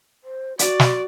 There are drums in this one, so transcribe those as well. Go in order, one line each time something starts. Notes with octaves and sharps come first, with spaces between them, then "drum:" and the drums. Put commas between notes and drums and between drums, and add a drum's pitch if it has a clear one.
C5
F#4 D5, drum: hi-hat
drum: snare